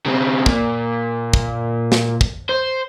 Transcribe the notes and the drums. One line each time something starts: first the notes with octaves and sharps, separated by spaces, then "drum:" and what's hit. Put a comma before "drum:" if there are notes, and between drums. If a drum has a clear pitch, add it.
C#3 C4
A#2, drum: kick
drum: kick
drum: snare
drum: kick
C5